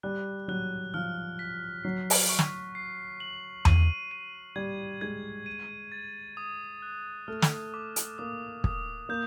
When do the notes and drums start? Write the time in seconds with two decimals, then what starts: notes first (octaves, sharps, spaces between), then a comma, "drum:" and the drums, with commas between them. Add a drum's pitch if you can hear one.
0.03 G3 F#6
0.48 F#3 F#6
0.94 F3 F6
1.39 B6
1.84 F#3 C7
2.10 drum: open hi-hat
2.29 C#6
2.39 drum: snare
2.75 C7
3.20 F#7
3.65 D#7, drum: tom E2
4.11 D#7
4.56 G3 G#6
5.01 G#3 G#6
5.46 D#7
5.92 A6
6.37 D#6
6.82 F#6
7.28 A3 F6
7.42 drum: snare
7.74 D6
7.96 drum: hi-hat
8.18 A#3 D#6
8.64 D#6, drum: kick
9.09 A#3 G6